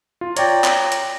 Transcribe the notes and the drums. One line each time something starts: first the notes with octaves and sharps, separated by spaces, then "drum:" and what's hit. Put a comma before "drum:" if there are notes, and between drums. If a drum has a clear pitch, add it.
F4
C#5 D5 G5 A#5, drum: hi-hat
drum: clap
drum: hi-hat